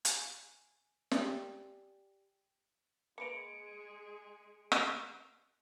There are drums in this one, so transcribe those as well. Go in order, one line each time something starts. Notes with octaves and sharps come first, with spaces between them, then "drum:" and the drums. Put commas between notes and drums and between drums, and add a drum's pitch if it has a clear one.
G#5, drum: hi-hat
G4 D5 G#5, drum: snare
G#3 A#3 G#4 B4 D#5 C#7 D7
drum: rim click